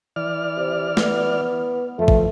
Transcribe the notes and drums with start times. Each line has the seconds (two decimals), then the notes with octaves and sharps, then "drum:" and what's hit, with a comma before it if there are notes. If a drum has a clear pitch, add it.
0.16 E3 D5 F6
0.57 C3
0.97 B3, drum: snare
1.99 F2 F3 A3
2.08 drum: kick G#1